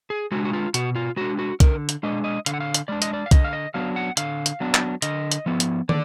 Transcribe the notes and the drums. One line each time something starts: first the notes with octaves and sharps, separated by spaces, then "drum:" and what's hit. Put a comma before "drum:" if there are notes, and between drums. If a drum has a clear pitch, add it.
G#4
G#3 D4 F#4
F#4
F4
B2 F#4, drum: hi-hat
F4
G#3 D4 F#4
F#4
D3 A#4, drum: kick, hi-hat
drum: hi-hat
G#3 D4 D#5
D#5
D3 F5, drum: hi-hat
F#5
F5
drum: hi-hat
G#3 D4 D5
D#5, drum: hi-hat
D5
F5
D3 D#5, drum: kick, hi-hat
F5
D#5
F#3 B3 D4 F5
F#5
D3 F5, drum: hi-hat
drum: hi-hat
F#3 B3 D4
drum: clap
D3 D#5, drum: hi-hat
drum: hi-hat
F3 B3
drum: hi-hat
D3 D5, drum: tom